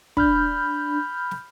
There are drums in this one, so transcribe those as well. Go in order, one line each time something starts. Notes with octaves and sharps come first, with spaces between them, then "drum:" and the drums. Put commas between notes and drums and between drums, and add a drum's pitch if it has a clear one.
D4 B5 F6 G6, drum: kick
drum: snare